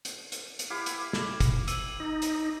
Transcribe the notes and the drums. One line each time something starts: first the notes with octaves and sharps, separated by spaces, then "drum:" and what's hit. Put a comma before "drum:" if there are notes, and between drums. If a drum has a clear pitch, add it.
drum: hi-hat
drum: hi-hat
drum: hi-hat
E4 G4 F5
drum: hi-hat
drum: snare
drum: kick, hi-hat
E6 D#7 F#7, drum: hi-hat
D#4
drum: hi-hat